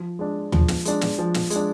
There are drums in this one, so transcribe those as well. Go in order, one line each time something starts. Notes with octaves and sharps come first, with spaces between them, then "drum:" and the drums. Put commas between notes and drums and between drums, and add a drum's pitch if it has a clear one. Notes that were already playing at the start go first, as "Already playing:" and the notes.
Already playing: F3
G#3 D4
F3, drum: tom
drum: snare
G#3 D4, drum: hi-hat
drum: snare
F3
drum: snare
G#3, drum: hi-hat
D4